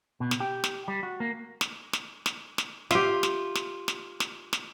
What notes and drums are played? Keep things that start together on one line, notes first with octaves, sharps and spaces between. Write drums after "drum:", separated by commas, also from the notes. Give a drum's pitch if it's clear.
B2
drum: snare
G4
drum: snare
G3
F#4
A#3
drum: snare
drum: snare
drum: snare
drum: snare
F4 G4 E5, drum: snare
drum: snare
drum: snare
drum: snare
drum: snare
drum: snare